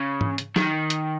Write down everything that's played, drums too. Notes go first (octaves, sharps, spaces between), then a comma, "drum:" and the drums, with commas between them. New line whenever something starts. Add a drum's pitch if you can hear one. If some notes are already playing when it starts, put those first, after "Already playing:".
Already playing: C#3
drum: tom G#2
drum: hi-hat
D#3, drum: snare
drum: hi-hat